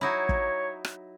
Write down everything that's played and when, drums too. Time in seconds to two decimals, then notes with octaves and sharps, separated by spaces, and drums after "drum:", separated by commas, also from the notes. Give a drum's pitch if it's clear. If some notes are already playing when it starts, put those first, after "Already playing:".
0.01 F#3 D#4 E4 C#5
0.29 drum: kick
0.85 drum: rim click